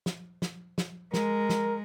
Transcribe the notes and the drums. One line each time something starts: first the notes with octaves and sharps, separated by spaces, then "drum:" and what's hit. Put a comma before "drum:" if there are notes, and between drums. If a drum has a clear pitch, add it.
drum: snare
drum: snare
drum: snare
G#3 A#4, drum: snare
drum: snare